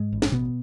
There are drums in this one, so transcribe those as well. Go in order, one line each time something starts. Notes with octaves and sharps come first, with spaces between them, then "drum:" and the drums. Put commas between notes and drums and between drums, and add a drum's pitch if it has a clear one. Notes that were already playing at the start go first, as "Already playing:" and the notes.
Already playing: G#2 G#3
A1
drum: snare
A1 B2 B3